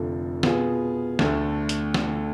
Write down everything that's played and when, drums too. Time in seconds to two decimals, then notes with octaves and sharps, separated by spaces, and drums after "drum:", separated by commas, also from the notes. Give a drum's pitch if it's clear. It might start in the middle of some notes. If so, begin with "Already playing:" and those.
Already playing: F1 F2 D3 F3
0.43 B2 B3 F4 G#4, drum: snare
1.19 D2 D3 A3, drum: snare
1.69 drum: hi-hat
1.94 drum: snare